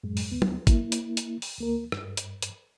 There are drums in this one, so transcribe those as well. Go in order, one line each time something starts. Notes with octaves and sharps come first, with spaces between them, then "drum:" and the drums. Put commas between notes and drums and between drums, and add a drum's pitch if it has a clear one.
F#2 A2 G#3
drum: open hi-hat
D2 B3
drum: tom
A#3 E4, drum: kick G#1, hi-hat
drum: hi-hat
drum: hi-hat
drum: open hi-hat
D2 A#3 A#4
G2, drum: rim click
drum: hi-hat
drum: hi-hat